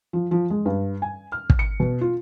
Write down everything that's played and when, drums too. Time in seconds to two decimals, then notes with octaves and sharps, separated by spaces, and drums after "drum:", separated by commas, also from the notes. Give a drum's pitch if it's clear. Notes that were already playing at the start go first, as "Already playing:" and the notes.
0.13 F3
0.31 F3
0.50 G#3
0.66 G2
1.02 G#5
1.32 F6
1.50 drum: kick
1.59 C#7
1.80 B2
2.01 F4